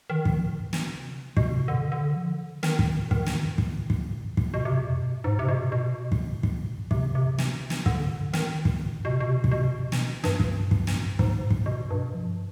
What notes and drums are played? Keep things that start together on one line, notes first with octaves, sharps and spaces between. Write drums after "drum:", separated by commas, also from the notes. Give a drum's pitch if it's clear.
D#3
F3, drum: kick
D#3
D3, drum: snare
C3
B2, drum: kick
C3
D3
D3
F3
D3
D#3
D#3, drum: snare
drum: kick
D#3, drum: kick
drum: snare
drum: kick
drum: kick
drum: kick
B2
C3
B2
F2
G2
G#2
C3
B2
B2
drum: kick
drum: kick
C3, drum: kick
C3
drum: snare
drum: snare
D3, drum: kick
D#3
D#3, drum: snare
drum: kick
B2
C3
B2
C3
B2
C3, drum: kick
B2
C3
B2
drum: snare
G2, drum: snare
drum: kick
drum: kick
drum: snare
G#2, drum: kick
drum: kick
B2
G2
F3